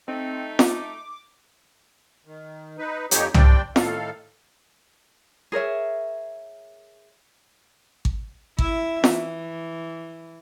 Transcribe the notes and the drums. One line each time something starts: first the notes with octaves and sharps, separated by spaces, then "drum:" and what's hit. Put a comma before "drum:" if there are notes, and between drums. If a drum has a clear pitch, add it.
A3 C4 D#4
D6, drum: snare
D#3
D#4 B4
F2 D3 F3 D#4 G4 C#5, drum: hi-hat
G3 C4 D4 D5 G5, drum: tom C2
A2 D#3 A4 F5, drum: snare
G#4 A#4 C#5 E5
drum: kick G#1
E4 E5, drum: kick G#1
E3, drum: snare